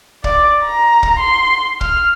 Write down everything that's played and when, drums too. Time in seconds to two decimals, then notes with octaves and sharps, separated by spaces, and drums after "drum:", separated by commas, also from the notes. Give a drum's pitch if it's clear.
0.24 D5 D6, drum: kick
0.63 A#5
1.03 drum: kick
1.19 C6
1.81 F6, drum: kick